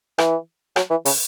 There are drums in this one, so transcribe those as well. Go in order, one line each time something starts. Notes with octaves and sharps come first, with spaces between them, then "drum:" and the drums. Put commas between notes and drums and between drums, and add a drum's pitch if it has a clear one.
E3, drum: rim click
F#3, drum: rim click
E3
C#3, drum: open hi-hat